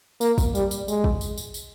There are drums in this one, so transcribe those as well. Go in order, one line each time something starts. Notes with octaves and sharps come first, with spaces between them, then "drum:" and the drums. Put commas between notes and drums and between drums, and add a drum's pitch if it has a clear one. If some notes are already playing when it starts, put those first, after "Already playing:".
A#3, drum: tambourine
drum: kick, tambourine
G3, drum: tambourine
drum: tambourine
G#3, drum: tambourine
drum: kick
drum: tambourine
drum: tambourine
drum: tambourine